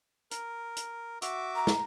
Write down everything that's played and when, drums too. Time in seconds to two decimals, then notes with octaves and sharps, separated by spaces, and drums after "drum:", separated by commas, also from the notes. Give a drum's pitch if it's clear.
0.31 A#4, drum: hi-hat
0.76 drum: hi-hat
1.22 F#4 E5 D6, drum: hi-hat
1.55 A#5
1.67 drum: snare